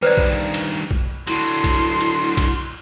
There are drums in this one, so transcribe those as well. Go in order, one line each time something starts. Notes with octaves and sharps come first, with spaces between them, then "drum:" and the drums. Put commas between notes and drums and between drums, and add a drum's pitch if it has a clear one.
G2 D#3 B4 C5 D5
drum: kick
drum: cymbal
drum: kick
D3 F#3 E4 C6, drum: cymbal
drum: kick, cymbal
drum: cymbal
drum: kick, cymbal